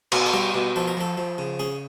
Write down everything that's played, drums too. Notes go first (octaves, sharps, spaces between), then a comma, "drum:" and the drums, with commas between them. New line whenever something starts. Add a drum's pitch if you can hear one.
B2 A#4, drum: cymbal
A4
G3 A#4
B2
F3 A4
A#4
F3 A4
F3
C#3
C#4 G#4